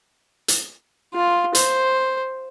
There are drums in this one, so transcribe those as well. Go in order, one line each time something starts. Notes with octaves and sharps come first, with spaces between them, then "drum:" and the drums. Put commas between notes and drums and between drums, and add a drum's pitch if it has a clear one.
drum: hi-hat
F4
C5, drum: hi-hat